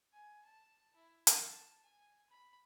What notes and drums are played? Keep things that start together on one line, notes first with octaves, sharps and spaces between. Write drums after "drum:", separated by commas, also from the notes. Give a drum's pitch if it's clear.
G#5
A5
E4
drum: hi-hat
A5
G#5
B5